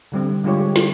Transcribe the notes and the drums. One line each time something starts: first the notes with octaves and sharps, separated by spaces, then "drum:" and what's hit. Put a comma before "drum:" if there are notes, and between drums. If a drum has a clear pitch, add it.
D3 G3 C4
D3 G3 G#3 F4 G4 C#5
drum: snare